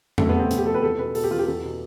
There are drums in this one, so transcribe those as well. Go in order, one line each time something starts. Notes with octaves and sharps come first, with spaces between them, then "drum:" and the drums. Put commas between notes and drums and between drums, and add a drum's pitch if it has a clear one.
F2 A3, drum: tom E2
B3
C3 C4
F2, drum: hi-hat
G4
F3 A4
B4
E2 A4
B2 B4
B2 A4, drum: open hi-hat
G4
E2 F4
G4
E2 A4
B2